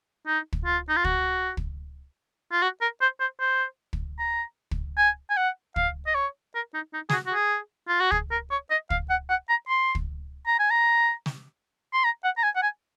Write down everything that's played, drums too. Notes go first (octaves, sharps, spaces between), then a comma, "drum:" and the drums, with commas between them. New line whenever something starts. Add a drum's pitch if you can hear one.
D#4
drum: kick
F4
D#4
F4
F#4, drum: kick
drum: kick
F4
F#4
A#4
C5
C5
C5
drum: kick
A#5
drum: kick
G#5
G#5
F#5
F5, drum: kick
D#5
C#5
A#4
D#4
D#4
G#4, drum: snare
F#4
F#4
G#4
F4
F#4
G#4, drum: kick
A#4
C#5
D#5
F5, drum: kick
F#5
F#5
A#5
C6
drum: kick
A#5
G#5
A#5
drum: snare
C6
A#5
F#5
A#5
G#5
F#5
G#5